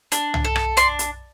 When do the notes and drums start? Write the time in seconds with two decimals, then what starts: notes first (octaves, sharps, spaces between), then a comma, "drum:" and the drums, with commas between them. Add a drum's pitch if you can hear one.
0.12 D4, drum: hi-hat
0.34 drum: tom C2
0.45 A4
0.56 drum: rim click
0.77 D4 C6, drum: hi-hat
0.99 drum: hi-hat